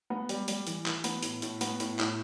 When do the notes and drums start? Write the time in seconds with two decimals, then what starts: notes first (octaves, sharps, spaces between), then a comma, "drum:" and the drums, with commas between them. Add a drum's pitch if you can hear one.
0.10 B3
0.29 G3, drum: hi-hat
0.48 G3, drum: hi-hat
0.67 E3, drum: hi-hat
0.86 E3, drum: clap
1.04 B3, drum: hi-hat
1.23 A2, drum: hi-hat
1.42 A2, drum: hi-hat
1.61 B3, drum: hi-hat
1.80 A2, drum: hi-hat
1.99 A2, drum: clap